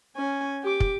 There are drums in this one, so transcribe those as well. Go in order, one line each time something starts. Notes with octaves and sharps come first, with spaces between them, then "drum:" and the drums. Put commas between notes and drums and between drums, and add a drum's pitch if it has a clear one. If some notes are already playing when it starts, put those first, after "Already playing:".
C#4 G#5
G4 D6
drum: kick